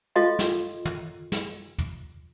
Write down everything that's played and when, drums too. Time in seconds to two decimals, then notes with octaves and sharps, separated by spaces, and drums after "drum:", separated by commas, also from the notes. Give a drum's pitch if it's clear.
0.16 F4 A4 D#5 F5 C6
0.39 drum: snare
0.85 drum: tom
1.32 drum: snare
1.78 drum: tom E2